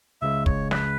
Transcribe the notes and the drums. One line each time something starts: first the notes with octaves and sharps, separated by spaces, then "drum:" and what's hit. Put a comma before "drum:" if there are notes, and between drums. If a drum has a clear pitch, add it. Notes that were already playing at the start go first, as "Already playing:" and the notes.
C#2 C#3 G#3 E5
C#5, drum: kick
B4, drum: snare